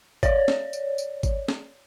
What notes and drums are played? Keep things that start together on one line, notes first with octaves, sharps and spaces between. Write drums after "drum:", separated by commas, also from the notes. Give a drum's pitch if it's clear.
C#5 D5, drum: kick G#1, tambourine
drum: snare
drum: tambourine
drum: tambourine
drum: kick G#1, tambourine
drum: snare